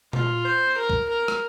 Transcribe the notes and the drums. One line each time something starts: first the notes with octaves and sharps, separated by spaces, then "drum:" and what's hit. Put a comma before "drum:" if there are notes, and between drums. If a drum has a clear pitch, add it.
F4, drum: tom A#2
C5
A#4
drum: kick C2
A#4
drum: rim click